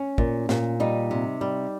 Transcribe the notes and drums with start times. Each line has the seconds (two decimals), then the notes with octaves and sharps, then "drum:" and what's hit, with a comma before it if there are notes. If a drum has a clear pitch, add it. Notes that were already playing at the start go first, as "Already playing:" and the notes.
Already playing: C#4
0.18 A#2, drum: kick
0.49 A#2, drum: snare
0.80 G3 D#4
1.11 C3
1.41 G3